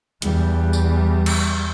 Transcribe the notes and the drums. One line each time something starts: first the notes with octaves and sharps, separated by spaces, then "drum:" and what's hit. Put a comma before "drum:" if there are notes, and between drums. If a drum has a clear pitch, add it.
E2 G3, drum: hi-hat
drum: tambourine
drum: cymbal